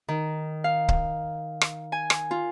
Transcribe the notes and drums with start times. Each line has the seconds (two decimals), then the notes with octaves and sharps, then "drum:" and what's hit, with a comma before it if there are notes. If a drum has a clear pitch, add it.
0.08 D#3
0.64 F5
0.89 drum: kick C#1
1.61 drum: rim click
1.92 G#5
2.10 drum: rim click
2.31 F4